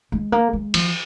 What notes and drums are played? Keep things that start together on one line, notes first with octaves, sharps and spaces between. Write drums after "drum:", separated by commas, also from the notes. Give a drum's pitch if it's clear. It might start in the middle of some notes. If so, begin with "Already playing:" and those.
G#3
A#3
G#3
F3, drum: cymbal